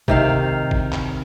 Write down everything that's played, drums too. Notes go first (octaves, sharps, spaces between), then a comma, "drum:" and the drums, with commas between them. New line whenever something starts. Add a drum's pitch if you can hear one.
C3 D#3 F5, drum: kick G1
drum: kick G1
drum: clap